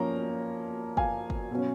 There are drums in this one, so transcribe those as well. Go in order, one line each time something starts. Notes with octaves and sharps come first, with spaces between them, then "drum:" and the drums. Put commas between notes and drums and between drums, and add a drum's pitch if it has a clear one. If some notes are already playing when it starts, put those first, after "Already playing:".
Already playing: F3 A#3 C#4 A#5
F5 G#5, drum: kick
drum: kick
B2 F#3 C#4